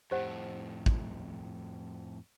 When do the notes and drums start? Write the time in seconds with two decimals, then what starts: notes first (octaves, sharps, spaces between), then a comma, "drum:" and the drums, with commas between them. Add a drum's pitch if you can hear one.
0.11 F2 A2 G4 C5 F#5
0.86 drum: kick